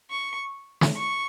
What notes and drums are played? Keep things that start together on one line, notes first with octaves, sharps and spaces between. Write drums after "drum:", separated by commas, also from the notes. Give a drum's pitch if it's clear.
C#6
drum: snare
C#6